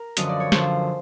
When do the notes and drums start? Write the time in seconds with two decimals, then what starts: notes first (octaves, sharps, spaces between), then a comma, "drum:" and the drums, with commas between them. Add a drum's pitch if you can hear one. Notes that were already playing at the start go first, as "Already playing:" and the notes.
Already playing: A#4
0.17 F#2 D3 F3 D#5, drum: hi-hat
0.29 D5
0.40 C#5
0.52 F#2 D3 F3 C5, drum: snare